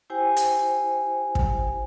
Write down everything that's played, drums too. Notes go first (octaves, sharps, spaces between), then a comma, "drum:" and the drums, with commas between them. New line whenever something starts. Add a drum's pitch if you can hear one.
E4 G4 C5 G5 G#5
drum: hi-hat
drum: kick